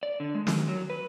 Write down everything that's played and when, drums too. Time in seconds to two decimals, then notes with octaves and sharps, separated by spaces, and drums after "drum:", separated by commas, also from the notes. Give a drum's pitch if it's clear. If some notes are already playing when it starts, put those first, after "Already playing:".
0.03 D5
0.20 D3
0.35 G#3
0.47 D#3, drum: snare
0.68 F#3
0.90 B4